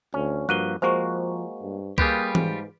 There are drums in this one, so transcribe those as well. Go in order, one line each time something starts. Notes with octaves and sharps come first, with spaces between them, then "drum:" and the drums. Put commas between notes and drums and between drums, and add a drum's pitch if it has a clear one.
D2 C#4
G2 F3 A#3 F#4 F#6 D#7 G7
F3 G#3 A#3 F#4 C5 C#6
G2
G3 A#3 F4 G4 G#4 B4, drum: kick C2
G#2, drum: tom E3